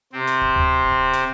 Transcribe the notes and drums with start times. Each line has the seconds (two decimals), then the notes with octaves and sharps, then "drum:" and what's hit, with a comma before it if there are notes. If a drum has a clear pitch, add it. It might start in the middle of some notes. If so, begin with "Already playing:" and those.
0.12 C3 C4
0.27 drum: snare
0.42 drum: kick D1
0.56 drum: tom D2
0.85 drum: kick D1
1.13 drum: snare